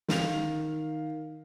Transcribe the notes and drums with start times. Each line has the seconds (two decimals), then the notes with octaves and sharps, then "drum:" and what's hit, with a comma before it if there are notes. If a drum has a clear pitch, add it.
0.08 D#3 F5 F7, drum: snare